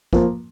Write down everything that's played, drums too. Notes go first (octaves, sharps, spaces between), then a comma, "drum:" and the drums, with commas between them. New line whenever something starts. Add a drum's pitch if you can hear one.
F3 A#3, drum: kick